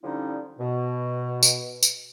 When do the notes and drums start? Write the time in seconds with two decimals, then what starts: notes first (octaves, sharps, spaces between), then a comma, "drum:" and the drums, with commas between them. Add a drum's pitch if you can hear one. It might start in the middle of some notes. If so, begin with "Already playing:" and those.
0.03 D3 F3 G3 C#4 D#4 E4
0.59 B2
1.43 drum: tambourine
1.83 drum: tambourine